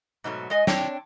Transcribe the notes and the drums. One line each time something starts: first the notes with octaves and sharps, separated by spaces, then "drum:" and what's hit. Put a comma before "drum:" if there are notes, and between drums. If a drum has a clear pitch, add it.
G#2 B2 F#3 A3
G#3 D#5 G#5
C4 D4 C#5 G5, drum: snare